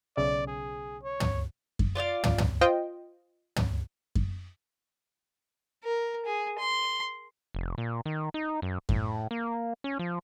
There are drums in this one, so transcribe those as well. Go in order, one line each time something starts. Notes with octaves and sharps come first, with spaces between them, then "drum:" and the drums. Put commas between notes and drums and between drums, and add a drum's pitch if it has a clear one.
B1 C#3 D5 E5
G#4
C#5
drum: tom
drum: kick F#2
F4 D5 D#5 F5
drum: tom
drum: tom
F4 C5 D#5 G5
drum: tom
drum: kick F#2
A#4
G#4
C6
F1
A#2
D#3
D#4
F#2
A2, drum: kick F#2
A#3
C#4
F3